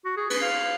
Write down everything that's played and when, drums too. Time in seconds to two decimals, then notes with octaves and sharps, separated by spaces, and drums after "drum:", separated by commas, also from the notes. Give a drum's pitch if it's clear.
0.05 F#4
0.17 G#4
0.30 B4, drum: cymbal
0.42 F5